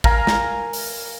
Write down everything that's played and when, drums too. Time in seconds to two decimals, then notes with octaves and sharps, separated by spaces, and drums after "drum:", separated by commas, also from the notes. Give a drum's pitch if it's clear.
0.04 A#4 F5 G#5 A#5, drum: kick
0.27 drum: snare
0.73 drum: open hi-hat